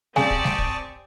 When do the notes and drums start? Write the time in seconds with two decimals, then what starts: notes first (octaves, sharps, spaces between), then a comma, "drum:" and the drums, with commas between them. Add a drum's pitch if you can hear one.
0.16 C#3 C4 G4 D5 G#5 A5 C#6 D#6, drum: snare G3
0.30 drum: kick
0.44 drum: snare G3
0.58 drum: kick